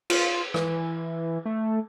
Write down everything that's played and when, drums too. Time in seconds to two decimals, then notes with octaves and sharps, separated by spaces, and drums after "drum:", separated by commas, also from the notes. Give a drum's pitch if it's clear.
0.10 F4, drum: cymbal
0.54 E3, drum: rim click
1.45 A3